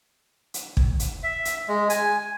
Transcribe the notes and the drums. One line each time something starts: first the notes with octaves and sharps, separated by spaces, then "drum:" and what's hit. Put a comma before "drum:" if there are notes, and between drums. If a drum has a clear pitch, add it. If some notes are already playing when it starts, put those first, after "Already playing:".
drum: hi-hat
drum: kick
drum: hi-hat
E5
drum: hi-hat
G#3
G#5, drum: hi-hat